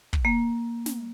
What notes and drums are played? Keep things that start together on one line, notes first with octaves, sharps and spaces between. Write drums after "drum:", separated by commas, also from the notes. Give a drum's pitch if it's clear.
drum: kick
A#3
drum: snare